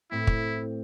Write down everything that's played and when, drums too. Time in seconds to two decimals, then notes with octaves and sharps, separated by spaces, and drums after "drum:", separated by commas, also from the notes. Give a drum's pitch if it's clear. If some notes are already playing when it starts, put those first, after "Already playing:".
0.11 A2 C4 E4
0.27 drum: kick